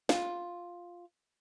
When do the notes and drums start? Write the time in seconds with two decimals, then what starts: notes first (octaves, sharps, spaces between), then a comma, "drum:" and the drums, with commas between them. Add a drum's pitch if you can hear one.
0.09 F4, drum: snare